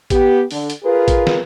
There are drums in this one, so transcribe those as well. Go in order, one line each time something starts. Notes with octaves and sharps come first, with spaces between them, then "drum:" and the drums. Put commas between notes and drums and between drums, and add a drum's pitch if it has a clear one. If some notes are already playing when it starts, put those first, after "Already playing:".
B3 G4, drum: kick A1, hi-hat
D3, drum: open hi-hat
drum: hi-hat
F4 G#4 A#4 B4
drum: kick A1, hi-hat
drum: snare